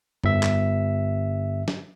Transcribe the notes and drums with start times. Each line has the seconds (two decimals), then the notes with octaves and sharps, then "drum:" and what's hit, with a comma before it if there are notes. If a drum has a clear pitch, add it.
0.24 G1 E5, drum: tom F2
0.43 drum: clap
1.68 drum: snare